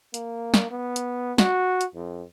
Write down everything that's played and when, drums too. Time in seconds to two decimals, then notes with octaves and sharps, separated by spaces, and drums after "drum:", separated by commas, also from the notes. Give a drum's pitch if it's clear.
0.14 A#3, drum: hi-hat
0.54 drum: snare
0.71 B3
0.96 drum: hi-hat
1.38 F#4, drum: snare
1.81 drum: hi-hat
1.95 F2